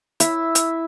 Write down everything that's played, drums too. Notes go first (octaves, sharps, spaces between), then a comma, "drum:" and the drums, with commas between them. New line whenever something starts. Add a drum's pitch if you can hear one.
E4 E5 E6, drum: hi-hat
drum: hi-hat